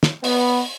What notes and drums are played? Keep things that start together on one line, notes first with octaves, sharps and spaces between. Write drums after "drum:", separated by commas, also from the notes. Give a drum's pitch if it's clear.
drum: snare
B3, drum: open hi-hat